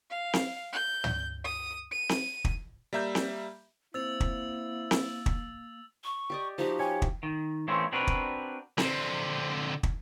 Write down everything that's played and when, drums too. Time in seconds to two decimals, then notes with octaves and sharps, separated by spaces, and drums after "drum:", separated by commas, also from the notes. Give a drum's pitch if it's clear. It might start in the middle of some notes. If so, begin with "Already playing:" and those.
0.10 F5
0.33 drum: snare C4
0.73 G6
1.04 drum: tom
1.44 D#6
1.91 D#7
2.09 drum: snare C4
2.45 drum: kick
2.93 G3 A#3 E5 A#5 G6
3.15 drum: snare C4
3.94 A#3 C4 E4 E6 A6 F7
4.20 drum: kick
4.91 drum: snare C4
5.26 drum: kick
6.04 C#6
6.30 G4 D5 D#5
6.58 F3 D#4 F#4 G4
6.79 C#5 G5 G#5
7.02 drum: kick
7.23 D#3
7.68 E3 A3 A#3 C4 C#4
7.92 C4 D4 F#4 A#4 B4
8.07 drum: kick
8.78 D3 C4, drum: snare C4
9.83 drum: kick